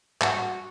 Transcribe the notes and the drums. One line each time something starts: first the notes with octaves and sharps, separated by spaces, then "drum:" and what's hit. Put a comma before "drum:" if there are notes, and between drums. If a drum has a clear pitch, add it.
F#4, drum: clap